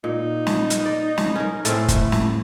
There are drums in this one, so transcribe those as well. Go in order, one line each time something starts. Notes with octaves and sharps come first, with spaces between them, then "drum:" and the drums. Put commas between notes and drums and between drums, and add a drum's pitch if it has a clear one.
A#2 D#4
drum: snare
drum: hi-hat
D5
drum: snare
C#4 A#4
A2 A3 C4 C#4 A4, drum: hi-hat
drum: kick, hi-hat
drum: snare